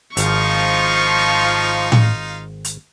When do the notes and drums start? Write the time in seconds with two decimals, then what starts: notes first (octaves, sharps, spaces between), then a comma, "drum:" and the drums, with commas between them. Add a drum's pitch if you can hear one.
0.17 G#1 F3 D#4 F4 F5 C#6, drum: hi-hat
1.92 drum: tom A2
2.65 drum: hi-hat